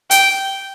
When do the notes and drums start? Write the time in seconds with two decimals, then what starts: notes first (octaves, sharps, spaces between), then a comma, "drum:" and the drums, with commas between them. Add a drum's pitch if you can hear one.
0.11 G5, drum: hi-hat